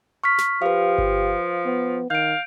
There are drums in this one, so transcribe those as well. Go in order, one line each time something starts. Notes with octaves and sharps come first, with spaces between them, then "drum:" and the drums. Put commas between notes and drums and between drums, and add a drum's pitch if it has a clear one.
C#6 F6 B6
drum: snare
F3 G4 B4 F5
drum: kick G1
B3
D#3 F5 G6 D7